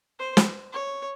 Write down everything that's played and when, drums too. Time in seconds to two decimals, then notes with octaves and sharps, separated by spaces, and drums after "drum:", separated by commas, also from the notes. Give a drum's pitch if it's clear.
0.19 C5
0.37 drum: snare
0.72 C#5